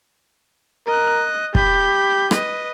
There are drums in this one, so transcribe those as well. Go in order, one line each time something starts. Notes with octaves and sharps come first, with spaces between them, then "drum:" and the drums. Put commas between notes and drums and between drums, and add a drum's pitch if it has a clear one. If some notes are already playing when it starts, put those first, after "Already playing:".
A#4 D#5 F#6
G4 B5 G6, drum: kick
B4 D#5, drum: rim click